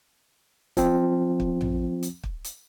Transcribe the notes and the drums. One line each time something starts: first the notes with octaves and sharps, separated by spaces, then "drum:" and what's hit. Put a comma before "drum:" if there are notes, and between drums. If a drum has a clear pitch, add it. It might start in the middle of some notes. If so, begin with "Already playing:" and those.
F3 C4, drum: kick, hi-hat
drum: kick
drum: tom A#1
drum: hi-hat
drum: kick
drum: hi-hat